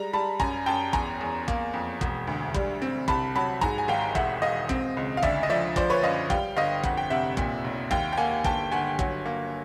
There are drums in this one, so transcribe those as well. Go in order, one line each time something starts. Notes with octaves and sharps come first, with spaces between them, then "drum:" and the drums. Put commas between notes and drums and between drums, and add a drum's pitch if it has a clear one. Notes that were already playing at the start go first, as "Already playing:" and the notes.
Already playing: G3 G#3 A#5
G3 A5 B5
F#2 G#5 A#5, drum: kick
F#2 G5 A5
E2 G#5 A#5, drum: kick
E2
A#3, drum: kick
F2
E1, drum: kick
D2
G3, drum: kick
C4
C2 A5 B5, drum: kick
F#3 A5 B5
G#2 G#5 A#5, drum: kick
G#5
G#1 F5 G5
E1 E5 F#5, drum: kick
E1 D#5 F5
C4, drum: kick
C#2
F5
D2 D5 E5, drum: kick
D#5
F3 D5 E5
F3 C5 D5, drum: kick
B4 C#5
F#2 D#5 F5
G3 F5 G5, drum: kick
G1 D#5 F5
F2 F#5, drum: kick
G5
C3 E5 F#5
A#2, drum: kick
B1
D#2 F5 G5, drum: kick
G5
A#3 F#5 G#5
G1 G5 A5, drum: kick
G1 F#5 G#5
F#3, drum: kick
A#3